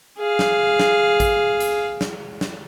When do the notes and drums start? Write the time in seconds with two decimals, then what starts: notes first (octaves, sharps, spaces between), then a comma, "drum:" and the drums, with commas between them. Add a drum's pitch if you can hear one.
0.19 G#4 F5
0.39 drum: snare
0.80 drum: snare
1.20 drum: kick A1, hi-hat
1.60 drum: hi-hat
2.01 drum: snare
2.41 drum: snare